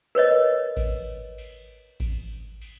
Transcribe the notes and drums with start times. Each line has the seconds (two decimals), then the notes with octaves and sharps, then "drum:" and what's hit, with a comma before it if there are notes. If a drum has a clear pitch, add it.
0.15 A#4 B4 C#5 D#5
0.77 drum: kick A1, cymbal
1.38 drum: cymbal
2.00 drum: kick A1, cymbal
2.62 drum: cymbal